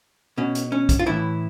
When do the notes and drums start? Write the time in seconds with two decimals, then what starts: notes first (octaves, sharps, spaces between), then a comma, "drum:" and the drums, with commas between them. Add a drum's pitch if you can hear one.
0.37 B2 C#4
0.55 drum: hi-hat
0.72 C#4
0.89 drum: kick B1, hi-hat
0.99 F4
1.06 A2 E3 E4